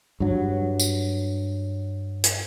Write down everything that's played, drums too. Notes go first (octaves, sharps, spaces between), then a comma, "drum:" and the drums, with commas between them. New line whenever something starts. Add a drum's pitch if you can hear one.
G2 F#3
drum: tambourine
drum: hi-hat